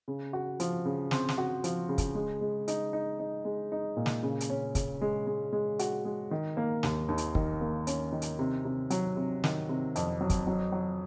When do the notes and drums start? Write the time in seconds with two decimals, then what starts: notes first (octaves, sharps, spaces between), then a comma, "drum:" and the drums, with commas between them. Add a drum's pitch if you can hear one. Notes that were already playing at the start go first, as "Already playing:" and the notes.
0.08 C#3
0.33 F#4
0.60 F3, drum: hi-hat
0.85 C#3
1.11 C4, drum: snare
1.29 drum: snare
1.38 F#4
1.64 F3, drum: hi-hat
1.89 C#3
1.98 drum: kick, hi-hat
2.15 G#3
2.41 G#3
2.68 D#4, drum: hi-hat
2.93 D#4
3.19 D#4
3.45 G#3
3.72 D#4
3.97 A#2
4.06 drum: snare
4.23 C#3
4.40 drum: hi-hat
4.50 C#4
4.75 C#3, drum: kick, hi-hat
5.01 G#3
5.27 G#3
5.53 G#3
5.79 F#4, drum: hi-hat
6.05 G#3
6.31 D#3
6.57 A#3
6.83 D#2, drum: snare
7.08 D#2
7.18 drum: hi-hat
7.35 D#3, drum: kick
7.61 A#3
7.87 C#4, drum: hi-hat
8.12 D#3
8.22 drum: hi-hat
8.39 C3
8.65 C3
8.90 F#3, drum: hi-hat
9.17 C3
9.44 D#3, drum: snare
9.69 C3
9.96 F2, drum: hi-hat
10.21 F#3
10.30 drum: kick, hi-hat
10.47 F#3
10.72 F#3